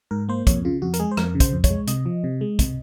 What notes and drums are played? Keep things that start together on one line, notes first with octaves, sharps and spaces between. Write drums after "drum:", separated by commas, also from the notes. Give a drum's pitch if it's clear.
G#2 A#4
A#3 C5
F2 C#5, drum: kick, hi-hat
C#3 F4
F2 F#4
A#4, drum: hi-hat
G#3 G#4
C5
F2 A#4, drum: rim click
C#3
C5, drum: kick, hi-hat
F2
C#5, drum: kick, hi-hat
G#3
C3 D#5, drum: hi-hat
F3
C3
G#3
C3, drum: kick, hi-hat